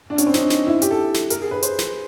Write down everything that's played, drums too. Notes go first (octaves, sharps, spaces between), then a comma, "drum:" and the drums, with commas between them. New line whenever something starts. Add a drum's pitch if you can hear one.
D4
C#4, drum: hi-hat
C4
D#4, drum: snare
drum: snare
E4
G4, drum: hi-hat
A4
drum: snare
A#4, drum: hi-hat
G#4
B4
C5, drum: hi-hat
drum: snare